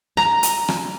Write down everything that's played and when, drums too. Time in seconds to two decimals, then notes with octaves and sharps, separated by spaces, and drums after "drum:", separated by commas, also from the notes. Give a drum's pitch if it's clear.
0.17 A#5, drum: rim click
0.43 drum: hi-hat
0.68 drum: rim click